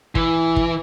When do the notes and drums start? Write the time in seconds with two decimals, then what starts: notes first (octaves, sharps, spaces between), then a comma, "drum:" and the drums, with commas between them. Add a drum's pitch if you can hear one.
0.15 E3, drum: kick
0.56 drum: kick